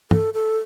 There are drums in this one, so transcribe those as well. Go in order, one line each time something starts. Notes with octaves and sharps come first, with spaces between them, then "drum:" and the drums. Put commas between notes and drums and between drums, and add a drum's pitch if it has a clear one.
A4, drum: tom
A4